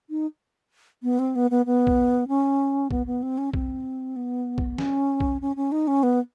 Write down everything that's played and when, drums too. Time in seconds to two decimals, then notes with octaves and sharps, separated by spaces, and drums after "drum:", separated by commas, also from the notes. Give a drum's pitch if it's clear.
0.10 D#4
1.03 B3
1.19 C4
1.35 B3
1.51 B3
1.66 B3
1.87 drum: kick B1
2.28 C#4
2.91 B3, drum: kick B1
3.06 B3
3.23 C4
3.38 C#4
3.54 C4, drum: kick B1
4.16 B3
4.58 drum: kick B1
4.78 C#4, drum: snare
5.20 drum: kick B1
5.41 C#4
5.56 C#4
5.72 D#4
5.88 C#4
6.03 B3